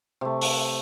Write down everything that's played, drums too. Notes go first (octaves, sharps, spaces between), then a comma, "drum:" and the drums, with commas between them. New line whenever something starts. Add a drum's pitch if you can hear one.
C3 A3
drum: open hi-hat